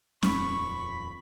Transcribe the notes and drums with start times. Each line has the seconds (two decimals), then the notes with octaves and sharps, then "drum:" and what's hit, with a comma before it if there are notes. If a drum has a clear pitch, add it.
0.23 D#1 F2 B5 C#6, drum: snare C#4